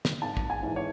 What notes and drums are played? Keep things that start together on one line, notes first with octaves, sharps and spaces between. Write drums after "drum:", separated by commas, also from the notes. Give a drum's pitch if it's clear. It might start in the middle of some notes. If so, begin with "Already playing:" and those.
drum: snare
G#1 A5
drum: kick
G#5
G#2 E3
C#5